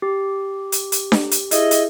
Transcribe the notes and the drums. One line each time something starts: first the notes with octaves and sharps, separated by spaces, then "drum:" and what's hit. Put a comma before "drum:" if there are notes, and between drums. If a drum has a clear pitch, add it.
G4
drum: hi-hat
drum: hi-hat
drum: snare D4
drum: hi-hat
E4 G#4 D#5 E5, drum: hi-hat
drum: hi-hat